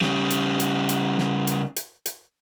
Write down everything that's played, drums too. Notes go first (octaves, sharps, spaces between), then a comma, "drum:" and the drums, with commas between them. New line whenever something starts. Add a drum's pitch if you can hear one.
C#3 G3, drum: snare
drum: hi-hat
drum: hi-hat
drum: hi-hat
drum: snare
drum: hi-hat
drum: hi-hat
drum: hi-hat